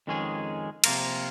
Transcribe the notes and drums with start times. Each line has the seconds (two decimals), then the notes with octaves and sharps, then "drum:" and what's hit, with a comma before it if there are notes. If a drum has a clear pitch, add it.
0.07 F2 D#3 G#3 C#4 G#4
0.84 C3 F3 A#3 F4 A#4, drum: cymbal